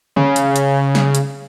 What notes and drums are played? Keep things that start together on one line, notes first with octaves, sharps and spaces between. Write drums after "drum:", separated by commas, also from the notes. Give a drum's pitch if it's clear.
C#3, drum: tom C#3
drum: hi-hat
drum: hi-hat
drum: snare F#3
drum: hi-hat